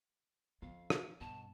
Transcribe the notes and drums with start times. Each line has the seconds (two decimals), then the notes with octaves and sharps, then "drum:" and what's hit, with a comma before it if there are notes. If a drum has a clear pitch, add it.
0.62 F2 B3 F5
0.90 drum: rim click
1.21 G2 B2 A5